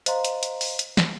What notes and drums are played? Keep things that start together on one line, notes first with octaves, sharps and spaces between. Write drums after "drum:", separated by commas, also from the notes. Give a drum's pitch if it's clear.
C5 D#5 F5 A#5 C6, drum: hi-hat
drum: hi-hat
drum: hi-hat
drum: open hi-hat
drum: hi-hat
drum: snare